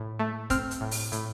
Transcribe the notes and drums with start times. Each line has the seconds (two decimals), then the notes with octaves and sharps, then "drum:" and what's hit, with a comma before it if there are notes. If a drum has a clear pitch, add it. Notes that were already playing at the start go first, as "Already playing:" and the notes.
Already playing: A2
0.19 A3
0.50 C4 F6, drum: kick F1, hi-hat
0.71 drum: hi-hat
0.81 A2
0.91 drum: open hi-hat
1.12 A2, drum: hi-hat